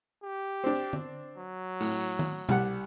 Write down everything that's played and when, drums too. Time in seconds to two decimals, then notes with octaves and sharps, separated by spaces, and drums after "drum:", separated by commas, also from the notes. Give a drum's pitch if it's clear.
0.23 G4
0.64 C4 D4
0.93 drum: tom
1.37 F#3
1.80 A2, drum: open hi-hat
2.19 drum: tom
2.49 C2 G3 F#5, drum: tom B2